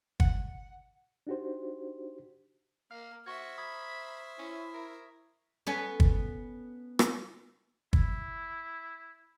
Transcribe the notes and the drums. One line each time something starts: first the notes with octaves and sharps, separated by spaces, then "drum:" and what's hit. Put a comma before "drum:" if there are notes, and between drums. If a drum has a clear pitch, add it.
F#5, drum: kick
D4 D#4 F#4 G4 C5
A#3 F5 F6
F#4 C5 E5 C#6 G#6
B5 D#6 G#6
C#4 E4
A#4
B3 C#4 A4
drum: kick
drum: rim click
E4, drum: kick